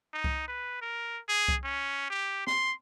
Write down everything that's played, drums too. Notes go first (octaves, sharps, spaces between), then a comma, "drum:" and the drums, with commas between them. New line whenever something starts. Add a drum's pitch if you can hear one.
D#4
drum: kick C2
B4
A#4
G#4
drum: kick C2
C#4
G4
C6, drum: snare